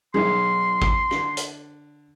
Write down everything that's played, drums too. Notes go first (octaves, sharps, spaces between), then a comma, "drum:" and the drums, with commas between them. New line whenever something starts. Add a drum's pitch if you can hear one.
B1 D#3 G#4 C6, drum: tom G3
drum: kick
D3, drum: rim click
drum: hi-hat